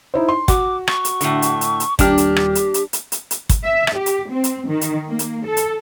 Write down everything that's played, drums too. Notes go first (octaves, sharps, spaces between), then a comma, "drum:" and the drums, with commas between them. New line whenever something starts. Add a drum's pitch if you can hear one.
D#4 E4 C5
C6
F#4 D6, drum: kick, hi-hat
C#6, drum: rim click
drum: hi-hat
A2 D3, drum: hi-hat
drum: hi-hat
drum: hi-hat
drum: hi-hat
D#1 D4 G4 G5 F6, drum: kick, hi-hat
drum: hi-hat
drum: rim click
drum: hi-hat
drum: hi-hat
drum: hi-hat
drum: hi-hat
drum: hi-hat
drum: kick, hi-hat
E5
drum: rim click
G4
drum: hi-hat
C4
drum: hi-hat
D#3
drum: hi-hat
A#3
drum: hi-hat
A4
drum: hi-hat